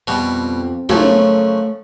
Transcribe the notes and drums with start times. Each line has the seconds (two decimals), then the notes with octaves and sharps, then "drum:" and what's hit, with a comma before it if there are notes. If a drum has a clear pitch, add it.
0.07 F2 B2 G3
0.89 F#2 C#3 F3 A3 C#5, drum: tom